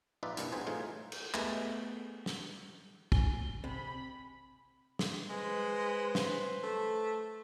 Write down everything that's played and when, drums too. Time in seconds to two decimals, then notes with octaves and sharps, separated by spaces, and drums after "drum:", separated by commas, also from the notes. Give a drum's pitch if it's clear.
0.23 A#1 D#4 F4 B4 D5 E5
0.37 C2 G2 A#2, drum: hi-hat
0.52 B1 C3 B3 G#4 C5 G#5
0.67 A2 E3 D#4 F4 G#4
1.12 drum: cymbal
1.34 A3 B3 G4 G#4 D#5 E5, drum: clap
2.26 drum: snare
3.12 G#5 G7, drum: kick
3.64 C3 B5
4.99 drum: snare
5.30 G#3 B4 C5
6.15 drum: snare
6.63 A3